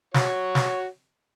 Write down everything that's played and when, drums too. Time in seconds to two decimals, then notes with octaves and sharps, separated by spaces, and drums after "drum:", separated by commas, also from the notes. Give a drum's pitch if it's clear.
0.14 F#4 C#5, drum: snare
0.55 drum: snare